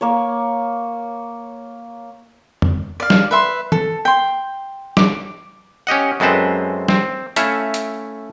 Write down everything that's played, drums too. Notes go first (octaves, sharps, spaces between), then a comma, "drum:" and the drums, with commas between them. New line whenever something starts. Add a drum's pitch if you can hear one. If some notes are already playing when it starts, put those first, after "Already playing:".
A#3 C#5
drum: tom
D5 F5
drum: snare
B4 E5 C6
A4, drum: tom
G5 C6
D6, drum: snare
C#4 G4 D#5 F#5
F#2 G#3 C4 A4 B4 C5
C4, drum: snare
A3 C#4 E4 E5 F5, drum: hi-hat
drum: hi-hat